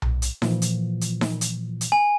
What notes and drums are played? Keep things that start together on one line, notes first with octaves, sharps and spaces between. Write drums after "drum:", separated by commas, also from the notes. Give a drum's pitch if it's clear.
drum: tom B1
drum: hi-hat
A#2 E3 F3, drum: snare D#4
drum: hi-hat
drum: hi-hat
drum: snare D#4
drum: hi-hat
drum: hi-hat
G#5